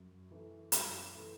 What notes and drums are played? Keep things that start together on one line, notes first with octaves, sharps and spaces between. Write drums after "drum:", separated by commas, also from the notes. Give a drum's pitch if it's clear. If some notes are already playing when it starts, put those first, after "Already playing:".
Already playing: F#2
E3 A3
F#2, drum: hi-hat
E3 A3